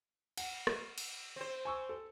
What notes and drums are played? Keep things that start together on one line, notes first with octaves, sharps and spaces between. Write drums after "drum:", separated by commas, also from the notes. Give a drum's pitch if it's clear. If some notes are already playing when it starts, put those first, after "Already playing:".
F#5, drum: cymbal
drum: rim click
drum: cymbal
C4 C5
G#5 C#6 E6
A4